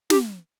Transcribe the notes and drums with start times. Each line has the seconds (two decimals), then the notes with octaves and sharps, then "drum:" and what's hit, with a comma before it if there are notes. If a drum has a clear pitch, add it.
0.10 G4, drum: snare